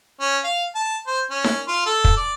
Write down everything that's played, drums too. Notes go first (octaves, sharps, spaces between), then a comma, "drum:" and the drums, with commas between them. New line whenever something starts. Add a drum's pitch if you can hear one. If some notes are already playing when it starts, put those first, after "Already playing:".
C#4
F5
A5
C5
C#4
drum: snare D#4
F4
A4
drum: kick
D5